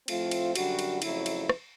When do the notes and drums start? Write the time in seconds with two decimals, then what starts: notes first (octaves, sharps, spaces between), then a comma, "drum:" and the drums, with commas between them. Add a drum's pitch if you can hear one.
0.08 A2 F3 A3 C4 F4, drum: cymbal
0.31 drum: cymbal
0.55 F#2 D3 G3 F#4, drum: cymbal
0.79 drum: cymbal
1.02 F2 C#3 F#3 A3 E4, drum: cymbal
1.26 drum: cymbal
1.49 drum: rim click